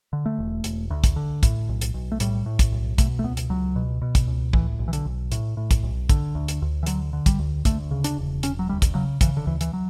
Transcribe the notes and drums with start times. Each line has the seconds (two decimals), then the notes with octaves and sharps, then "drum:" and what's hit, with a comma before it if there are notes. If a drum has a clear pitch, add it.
0.13 D3
0.26 A3
0.38 E1
0.64 E1, drum: hi-hat
0.90 D2
1.04 drum: kick, hi-hat
1.16 D3
1.43 A2, drum: kick, hi-hat
1.69 B1
1.81 drum: hi-hat
1.94 B1
2.12 A3
2.20 A2 G3, drum: hi-hat
2.46 A2
2.59 drum: kick, hi-hat
2.72 B1
2.98 B2 A3, drum: kick, hi-hat
3.19 A3
3.24 C#2 B3
3.37 drum: hi-hat
3.49 C#2 F#3
3.76 B2
4.02 B2
4.15 drum: kick, hi-hat
4.27 C#2
4.53 A2 E3, drum: kick
4.79 B1
4.88 E3
4.93 D3, drum: hi-hat
5.05 B1
5.32 A2, drum: hi-hat
5.57 A2
5.71 drum: kick, hi-hat
5.83 B1
6.09 D3, drum: kick, hi-hat
6.35 D2
6.48 drum: hi-hat
6.62 D2
6.83 E3
6.86 D3 F#3, drum: hi-hat
7.13 D3
7.26 G3, drum: kick, hi-hat
7.39 D2
7.65 D2 A3, drum: kick, hi-hat
7.91 C#3
8.04 D4, drum: hi-hat
8.17 E1
8.43 E1 C#4, drum: hi-hat
8.59 F#3
8.69 D2 G3
8.82 drum: kick, hi-hat
8.95 C#3 F#3
9.21 C#3 E3, drum: kick, hi-hat
9.37 D3
9.47 D2 E3
9.61 E3, drum: hi-hat
9.73 F#3